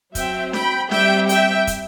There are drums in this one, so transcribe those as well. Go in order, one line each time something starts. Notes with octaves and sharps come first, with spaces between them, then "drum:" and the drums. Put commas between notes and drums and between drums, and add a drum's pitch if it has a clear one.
F#3 C4 E5 G5, drum: kick, hi-hat
G5 B5, drum: snare D4
G3 C4 E5 G5, drum: snare D4
E5 G5, drum: hi-hat
drum: kick, hi-hat